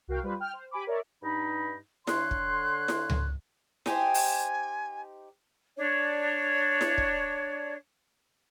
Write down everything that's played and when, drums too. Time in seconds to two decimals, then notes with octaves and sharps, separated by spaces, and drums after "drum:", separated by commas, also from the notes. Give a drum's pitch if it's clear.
0.08 C2 F#4 A#4 F5 G5
0.23 G3 F4 B4 C5
0.40 G5 F6
0.53 C5
0.71 G4 G#5 B5 D6
0.87 A#4 C#5 D5 E5
1.23 G2 D#4 B5
2.07 D3 C#5 C6 F#6, drum: snare E4
2.31 drum: kick
2.88 drum: snare E4
3.10 drum: tom C#2
3.86 D#4 G4 C5 G#5, drum: snare E4
4.14 drum: open hi-hat
5.77 D4 C#5
6.81 drum: snare E4
6.98 drum: kick